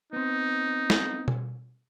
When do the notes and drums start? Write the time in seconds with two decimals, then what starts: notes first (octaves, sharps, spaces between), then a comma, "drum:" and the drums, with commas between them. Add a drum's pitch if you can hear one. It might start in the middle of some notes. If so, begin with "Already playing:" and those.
0.13 B3 C4 D#4
0.90 drum: snare
1.28 drum: tom B2